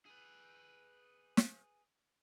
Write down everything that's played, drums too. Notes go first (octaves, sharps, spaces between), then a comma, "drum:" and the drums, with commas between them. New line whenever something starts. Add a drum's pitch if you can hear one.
G#4 B4
drum: snare